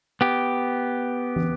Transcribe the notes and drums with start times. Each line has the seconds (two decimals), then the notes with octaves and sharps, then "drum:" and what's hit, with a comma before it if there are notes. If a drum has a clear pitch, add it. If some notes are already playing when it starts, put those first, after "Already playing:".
0.21 B3 G4
1.36 drum: tom